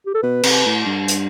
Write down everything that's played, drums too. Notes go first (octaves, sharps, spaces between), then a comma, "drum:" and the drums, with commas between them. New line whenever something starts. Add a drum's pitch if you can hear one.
G4
A4
B2 B4
C3, drum: cymbal
A2
G2
drum: hi-hat